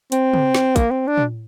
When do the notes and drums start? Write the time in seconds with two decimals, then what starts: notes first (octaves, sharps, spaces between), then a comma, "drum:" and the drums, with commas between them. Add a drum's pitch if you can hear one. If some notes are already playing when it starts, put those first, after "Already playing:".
0.12 C4, drum: hi-hat
0.34 drum: tom
0.55 drum: snare
0.76 A#3, drum: kick, hi-hat
0.91 C4
1.07 D4
1.18 drum: tom